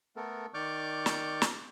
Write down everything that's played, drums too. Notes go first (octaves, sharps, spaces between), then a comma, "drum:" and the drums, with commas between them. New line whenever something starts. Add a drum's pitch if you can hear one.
A3 B3 A4 A#4
D#3 D5 C#6 D6 F6 G6
drum: snare
drum: snare